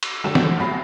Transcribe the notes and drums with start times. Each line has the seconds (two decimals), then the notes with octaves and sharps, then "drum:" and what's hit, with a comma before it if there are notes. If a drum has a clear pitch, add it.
0.03 drum: cymbal
0.24 C2 D3 F#3 A3 G5 E7
0.35 drum: snare
0.57 A1 E2 F#4 B5 A#6 C7